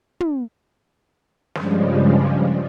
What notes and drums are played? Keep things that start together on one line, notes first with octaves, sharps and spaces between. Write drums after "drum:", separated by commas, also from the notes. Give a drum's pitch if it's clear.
drum: tom
G2 C#3 F3 G3 G#3, drum: snare